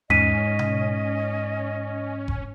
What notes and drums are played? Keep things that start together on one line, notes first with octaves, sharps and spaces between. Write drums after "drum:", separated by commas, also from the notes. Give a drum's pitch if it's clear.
G#2 C#4 D#5 B6 D#7, drum: tom E2
drum: tom B2
drum: kick F1